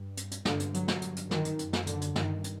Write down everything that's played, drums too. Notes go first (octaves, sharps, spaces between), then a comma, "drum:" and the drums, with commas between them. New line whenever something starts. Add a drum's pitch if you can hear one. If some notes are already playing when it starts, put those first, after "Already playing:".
Already playing: G2
drum: hi-hat
drum: hi-hat
G2 D3, drum: snare
drum: hi-hat
F#3, drum: hi-hat
drum: snare
G2, drum: hi-hat
drum: hi-hat
D#3, drum: snare
drum: hi-hat
F#2, drum: hi-hat
drum: snare
D3, drum: hi-hat
drum: hi-hat
G2 D#3, drum: snare
drum: hi-hat